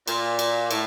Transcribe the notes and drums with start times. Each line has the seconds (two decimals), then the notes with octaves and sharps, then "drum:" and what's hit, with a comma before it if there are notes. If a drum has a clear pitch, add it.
0.08 A#2, drum: cymbal
0.39 drum: cymbal
0.71 A2, drum: cymbal